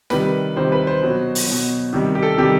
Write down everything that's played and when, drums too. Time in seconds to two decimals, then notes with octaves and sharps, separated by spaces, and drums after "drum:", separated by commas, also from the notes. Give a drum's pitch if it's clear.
0.10 C3 D#3 G3 B4, drum: snare
0.56 C3 D#3 G3 C5
0.72 B4
0.87 C5
1.02 B2 F#3
1.35 drum: open hi-hat
1.47 B2 F#3
1.93 C3 D#3 G3
2.15 G4
2.23 A4
2.38 C3 D#3 G3 G4